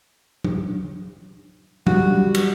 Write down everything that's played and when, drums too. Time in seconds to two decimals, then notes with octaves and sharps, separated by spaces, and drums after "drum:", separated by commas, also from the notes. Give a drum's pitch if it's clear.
0.44 drum: tom F#3
1.87 G3 F#4, drum: tom F#3
2.35 drum: cymbal